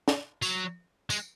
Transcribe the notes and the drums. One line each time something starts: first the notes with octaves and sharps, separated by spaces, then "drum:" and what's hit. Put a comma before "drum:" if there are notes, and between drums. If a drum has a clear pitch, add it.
drum: snare
F#3, drum: tambourine
G#3, drum: tambourine